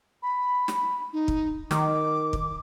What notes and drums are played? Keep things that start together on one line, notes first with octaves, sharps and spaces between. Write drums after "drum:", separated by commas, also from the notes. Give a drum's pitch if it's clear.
B5
drum: snare
D#4
drum: kick
D#3 D6, drum: snare
drum: kick